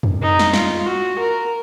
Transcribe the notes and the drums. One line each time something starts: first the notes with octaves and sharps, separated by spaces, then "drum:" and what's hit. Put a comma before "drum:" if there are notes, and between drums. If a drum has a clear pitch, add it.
drum: tom F2
D#4
drum: snare
F4, drum: snare
F#4
A#4